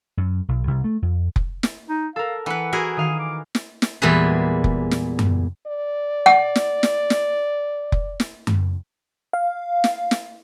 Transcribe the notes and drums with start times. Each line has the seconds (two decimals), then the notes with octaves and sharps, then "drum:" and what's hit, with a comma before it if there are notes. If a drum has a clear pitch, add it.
0.17 F#2
0.49 B1
0.67 C2
0.84 A3
1.02 F2
1.36 drum: kick F1
1.63 drum: snare
1.90 D#4
2.16 A4 A#4 F5
2.46 E3 B4 F#5
2.73 E4 F#4 G#4 A#4
2.97 D#3 F5 D#6
3.19 D6
3.55 drum: snare
3.82 drum: snare
4.02 E2 A#2 G3 G#3 G#4 B4
4.64 drum: kick F1
4.91 drum: snare
5.19 drum: tom F#2
5.67 D5
6.26 F#5
6.56 drum: snare
6.83 drum: snare
7.10 drum: snare
7.92 drum: kick F1
8.20 drum: snare
8.47 drum: tom F#2
9.33 F5
9.84 drum: snare
10.11 drum: snare